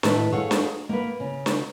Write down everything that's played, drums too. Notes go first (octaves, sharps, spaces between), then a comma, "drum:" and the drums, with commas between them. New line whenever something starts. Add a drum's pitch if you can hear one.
A2 D#3 A3 B4, drum: snare
G#4 A4 C#5 F5 F#5
drum: snare
A#3 B3 A#4 B4
C#3
drum: snare